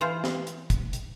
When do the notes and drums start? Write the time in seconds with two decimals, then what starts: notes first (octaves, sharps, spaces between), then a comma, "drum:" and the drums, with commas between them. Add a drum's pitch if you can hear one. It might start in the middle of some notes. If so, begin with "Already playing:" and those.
0.01 E3 F4 C5
0.24 drum: snare
0.47 drum: hi-hat
0.70 drum: kick, hi-hat
0.93 drum: hi-hat